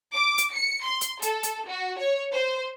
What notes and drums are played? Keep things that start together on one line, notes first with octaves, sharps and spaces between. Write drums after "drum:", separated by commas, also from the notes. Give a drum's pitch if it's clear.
D6
drum: hi-hat
C#7
C6
drum: hi-hat
A4, drum: hi-hat
drum: hi-hat
F#4
C#5
C5